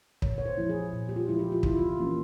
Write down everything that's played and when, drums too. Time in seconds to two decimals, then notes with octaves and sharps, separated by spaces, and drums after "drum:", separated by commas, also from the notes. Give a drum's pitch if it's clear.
0.22 A#2 C#5, drum: kick
0.38 C#5
0.46 C5
0.58 F3 G#3 E4
0.69 G#4
0.92 A#2
1.09 G4
1.16 F4
1.28 F3 G#3 E4
1.39 G4
1.52 F4
1.63 C3 E4, drum: kick
1.78 F4
1.97 E3 A#3 C#4